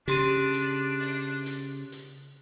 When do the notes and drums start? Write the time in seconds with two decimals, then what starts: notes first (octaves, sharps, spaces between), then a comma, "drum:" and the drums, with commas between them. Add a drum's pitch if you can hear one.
0.08 C#3 D4 G4 C6 D#7, drum: hi-hat
0.54 drum: hi-hat
1.00 drum: open hi-hat
1.46 drum: hi-hat
1.92 drum: hi-hat